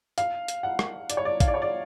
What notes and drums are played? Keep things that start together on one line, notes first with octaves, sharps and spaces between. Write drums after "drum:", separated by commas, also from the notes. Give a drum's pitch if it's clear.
F5, drum: hi-hat
drum: hi-hat
F#5
drum: rim click
D5, drum: hi-hat
C#5
D5
F5, drum: kick, hi-hat
D5
C#5
D5